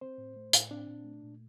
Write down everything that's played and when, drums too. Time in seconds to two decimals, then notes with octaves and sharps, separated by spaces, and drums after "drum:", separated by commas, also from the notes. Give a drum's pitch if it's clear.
0.01 C4 C5
0.18 A2
0.36 A3
0.53 A2, drum: hi-hat
0.71 C4 D4
0.87 A#2
1.05 A3
1.23 A#2